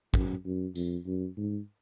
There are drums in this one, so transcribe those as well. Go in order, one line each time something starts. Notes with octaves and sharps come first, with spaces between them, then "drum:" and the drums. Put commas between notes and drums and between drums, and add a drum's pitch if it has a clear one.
F#2, drum: kick
F#2
F2, drum: tambourine
F#2
G#2